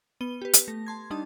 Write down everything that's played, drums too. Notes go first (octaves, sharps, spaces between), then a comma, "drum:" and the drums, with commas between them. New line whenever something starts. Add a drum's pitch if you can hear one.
B3 D#7 G7
G4 B4
drum: hi-hat
A3 A#6
A5 C6 G#6
G3 D4 D#4 A5 D#6